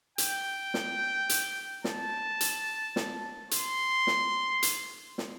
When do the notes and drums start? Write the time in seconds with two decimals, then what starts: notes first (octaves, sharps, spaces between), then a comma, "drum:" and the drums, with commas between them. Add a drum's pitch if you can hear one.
0.18 G5, drum: hi-hat
0.74 drum: snare
1.29 drum: hi-hat
1.84 A5, drum: snare
2.41 drum: hi-hat
2.96 drum: snare
3.51 C6, drum: hi-hat
4.07 drum: snare
4.63 drum: hi-hat
5.18 drum: snare